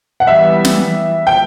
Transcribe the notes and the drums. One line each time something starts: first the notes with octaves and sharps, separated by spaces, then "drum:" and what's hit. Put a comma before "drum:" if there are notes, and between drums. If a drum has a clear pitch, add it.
F#5
E3 G3 B3 E5
drum: snare
G5